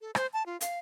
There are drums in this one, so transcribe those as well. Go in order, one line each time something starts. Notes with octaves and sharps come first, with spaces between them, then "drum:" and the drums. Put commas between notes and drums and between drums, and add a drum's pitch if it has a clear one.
A4
C5, drum: rim click
A5
F4
F5, drum: hi-hat